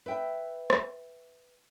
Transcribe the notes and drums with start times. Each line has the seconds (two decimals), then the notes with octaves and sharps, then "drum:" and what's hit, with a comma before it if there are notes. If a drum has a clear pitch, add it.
0.06 B4 E5 G5
0.70 drum: rim click